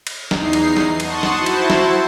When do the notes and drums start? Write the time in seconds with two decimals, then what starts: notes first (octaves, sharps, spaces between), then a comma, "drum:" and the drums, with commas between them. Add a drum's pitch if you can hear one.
0.07 drum: cymbal
0.31 E2 D#4 C7, drum: snare
0.53 drum: cymbal
0.76 drum: snare
1.00 F#5 A5 C6 C#6 D#6, drum: cymbal
1.23 drum: snare
1.37 E4 F#4 C5 A5
1.46 drum: cymbal
1.70 drum: snare